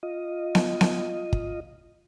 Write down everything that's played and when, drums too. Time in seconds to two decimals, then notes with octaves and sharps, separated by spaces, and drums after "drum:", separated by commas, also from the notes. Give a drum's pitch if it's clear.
0.03 F4 D#5
0.55 drum: snare B3
0.81 drum: snare B3
1.33 drum: kick